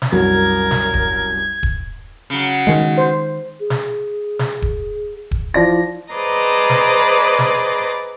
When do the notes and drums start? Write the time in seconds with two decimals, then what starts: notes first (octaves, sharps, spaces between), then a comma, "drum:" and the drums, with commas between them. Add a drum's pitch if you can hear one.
0.02 drum: snare
0.12 C2 F#2 F#4 A#4 G#6
0.71 drum: snare
0.94 drum: kick D#1
1.63 drum: kick D#1
2.30 C#3 F#3
2.67 D#3 G#3
2.98 C5
3.60 G#4
3.70 drum: snare
4.39 drum: snare
4.62 drum: kick D#1
5.31 drum: kick D#1
5.54 F3 E4 D5 A#6
6.13 G#4 B4 C5 D5 D#5 A#5
6.70 drum: snare
7.39 drum: snare